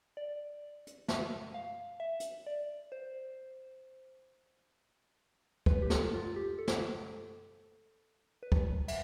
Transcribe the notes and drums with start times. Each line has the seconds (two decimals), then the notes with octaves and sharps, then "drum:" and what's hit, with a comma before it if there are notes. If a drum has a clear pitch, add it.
0.17 D5
0.87 drum: hi-hat
1.08 E5, drum: snare
1.54 F5
2.00 E5
2.20 drum: hi-hat
2.46 D5
2.92 C5
5.66 B4, drum: kick
5.82 G4
5.90 A4, drum: snare
6.13 F4
6.36 G4
6.59 A4
6.68 drum: snare
8.43 B4
8.52 drum: kick
8.88 E5, drum: cymbal